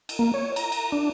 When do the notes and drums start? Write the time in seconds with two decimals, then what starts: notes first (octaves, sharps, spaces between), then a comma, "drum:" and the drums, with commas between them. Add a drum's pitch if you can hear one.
0.09 drum: cymbal
0.19 A#3
0.34 C#5
0.56 A#5, drum: cymbal
0.72 drum: cymbal
0.92 D4